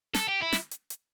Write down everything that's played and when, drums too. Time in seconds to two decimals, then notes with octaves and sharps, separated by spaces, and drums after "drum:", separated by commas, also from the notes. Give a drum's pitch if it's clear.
0.14 A4, drum: snare
0.28 G4
0.42 E4
0.52 drum: snare
0.71 drum: hi-hat
0.90 drum: hi-hat